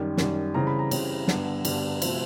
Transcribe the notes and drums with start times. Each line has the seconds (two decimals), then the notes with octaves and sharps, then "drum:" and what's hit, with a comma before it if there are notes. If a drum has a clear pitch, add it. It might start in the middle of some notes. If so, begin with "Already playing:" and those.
Already playing: F#2 D#3 G3
0.17 F#2 D#3 G3, drum: snare
0.54 C#3 E3 G3 C4 A#5
0.67 B5
0.79 A#5
0.91 C#3 E3 G3 C4, drum: cymbal
1.28 G2 D3 G3 B3, drum: snare
1.65 G2 D3 G3 B3, drum: cymbal
2.02 C3 F3 A3 C4, drum: cymbal